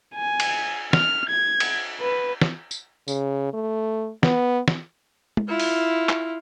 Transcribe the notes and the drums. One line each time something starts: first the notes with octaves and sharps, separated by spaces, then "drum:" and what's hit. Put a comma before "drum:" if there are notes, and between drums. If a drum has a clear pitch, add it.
G#5
drum: cymbal
F6, drum: snare
G#6
drum: cymbal
B4
drum: snare
drum: tambourine
C#3, drum: tambourine
A3
B3, drum: snare
drum: snare
drum: tom
E4 F4
drum: open hi-hat
drum: clap